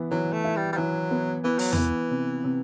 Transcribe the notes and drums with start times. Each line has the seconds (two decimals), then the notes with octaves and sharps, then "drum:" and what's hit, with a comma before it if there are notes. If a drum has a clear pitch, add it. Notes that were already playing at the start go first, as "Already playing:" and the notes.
Already playing: E3 B3
0.11 E3 F#3
0.33 A3
0.44 E4
0.56 G3
0.73 G3
0.78 E3 F#3
1.11 B3
1.44 E3 B3
1.59 F#3, drum: open hi-hat
1.73 E3 B3, drum: tom E2
2.11 C3
2.44 C3